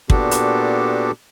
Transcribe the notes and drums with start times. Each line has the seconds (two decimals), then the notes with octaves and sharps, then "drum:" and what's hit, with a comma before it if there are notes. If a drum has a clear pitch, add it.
0.10 A#2 B3 D4 F#4 G4 A4, drum: kick
0.31 drum: hi-hat